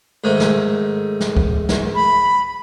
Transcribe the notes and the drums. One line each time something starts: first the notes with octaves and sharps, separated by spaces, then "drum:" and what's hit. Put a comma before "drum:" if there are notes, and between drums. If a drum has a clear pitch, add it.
G#2 D#3 A3
drum: snare
drum: snare
drum: kick C#2
drum: snare
B5